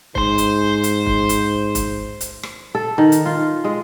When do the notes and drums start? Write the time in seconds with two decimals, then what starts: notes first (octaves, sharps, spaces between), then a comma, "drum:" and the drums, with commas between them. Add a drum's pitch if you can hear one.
0.15 G#2 C5 C6, drum: kick
0.38 drum: hi-hat
0.84 drum: hi-hat
1.06 drum: kick
1.29 drum: hi-hat
1.75 drum: kick, hi-hat
2.21 drum: hi-hat
2.43 drum: rim click
2.75 A4
2.98 D#3
3.12 drum: hi-hat
3.26 F4
3.64 G#3